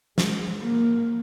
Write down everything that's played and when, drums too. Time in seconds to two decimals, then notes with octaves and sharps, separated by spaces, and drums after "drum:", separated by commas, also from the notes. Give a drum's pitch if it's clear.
0.18 G#3, drum: snare
0.61 A#3